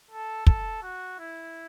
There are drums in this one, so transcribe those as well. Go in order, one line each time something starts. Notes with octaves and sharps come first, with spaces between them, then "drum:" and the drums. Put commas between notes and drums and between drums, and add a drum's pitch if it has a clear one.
A4
A4, drum: kick
F#4
E4